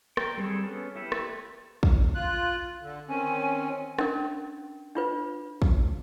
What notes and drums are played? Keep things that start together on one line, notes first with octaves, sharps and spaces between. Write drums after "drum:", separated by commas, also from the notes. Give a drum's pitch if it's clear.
A#4 G5, drum: rim click
G3 C4 G#4 A4
B3 C#4 A4
E4 G4 A4 B4
drum: rim click
drum: kick
F4 F#6
D3
D#3 C4 C#4 G#5
C#4 D4 A#4, drum: rim click
D4 F4 B4
drum: kick